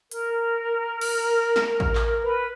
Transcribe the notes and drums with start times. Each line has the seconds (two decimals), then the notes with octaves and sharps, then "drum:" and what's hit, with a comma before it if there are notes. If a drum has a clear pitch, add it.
0.11 A#4, drum: hi-hat
1.01 drum: cymbal
1.56 drum: snare
1.80 drum: kick A1
1.95 drum: clap
2.22 B4